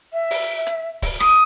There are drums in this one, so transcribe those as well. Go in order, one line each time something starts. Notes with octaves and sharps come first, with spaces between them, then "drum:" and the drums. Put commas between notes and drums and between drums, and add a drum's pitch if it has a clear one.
E5
drum: open hi-hat
drum: hi-hat
drum: kick D1, open hi-hat
D#6, drum: rim click